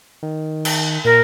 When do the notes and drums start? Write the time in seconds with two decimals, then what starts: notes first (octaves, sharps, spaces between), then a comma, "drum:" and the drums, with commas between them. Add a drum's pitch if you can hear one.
0.23 D#3
0.65 drum: cymbal
1.05 A#2 A#4